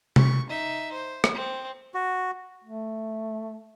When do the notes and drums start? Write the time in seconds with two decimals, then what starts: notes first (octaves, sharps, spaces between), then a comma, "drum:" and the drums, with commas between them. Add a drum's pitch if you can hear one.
0.16 C#6, drum: tom C3
0.49 D#4 E5
0.92 C5
1.24 drum: rim click
1.34 C4
1.94 F#4
2.64 A3